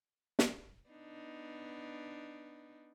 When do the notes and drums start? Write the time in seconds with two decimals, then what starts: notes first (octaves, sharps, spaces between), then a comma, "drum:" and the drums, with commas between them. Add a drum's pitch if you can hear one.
0.39 drum: snare
0.89 B3 D4 D#4